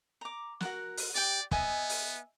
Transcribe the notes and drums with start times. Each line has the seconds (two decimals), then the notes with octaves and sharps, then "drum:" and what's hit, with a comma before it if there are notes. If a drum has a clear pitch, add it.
0.21 A#5 D6
0.60 F#4 A#4 F#5, drum: snare
0.97 drum: open hi-hat
1.15 G4 D5 G5
1.51 B3 D#5 E5 G#5, drum: kick
1.89 drum: open hi-hat